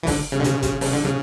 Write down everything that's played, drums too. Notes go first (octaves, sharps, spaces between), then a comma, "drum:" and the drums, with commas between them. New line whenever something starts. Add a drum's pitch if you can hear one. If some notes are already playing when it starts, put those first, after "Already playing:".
E3
D3, drum: kick, open hi-hat
C#3
D3
C#3, drum: hi-hat
drum: kick, hi-hat
C#3, drum: open hi-hat
D3
C#3